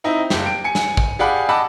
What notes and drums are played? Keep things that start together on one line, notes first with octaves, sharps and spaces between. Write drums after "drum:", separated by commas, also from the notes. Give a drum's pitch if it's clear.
C4 D#4 E4
F#1 G4, drum: snare
D7
G#5 C#7
drum: snare
drum: kick
G4 G#4 D5 F5 F#5 B5
D#5 F#5 A5 B5 D6 E6